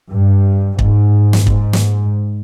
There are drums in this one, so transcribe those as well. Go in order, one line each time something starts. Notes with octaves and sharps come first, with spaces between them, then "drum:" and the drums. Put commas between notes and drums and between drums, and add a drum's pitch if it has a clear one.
G2
G#2, drum: kick
drum: snare
G#2, drum: kick
drum: snare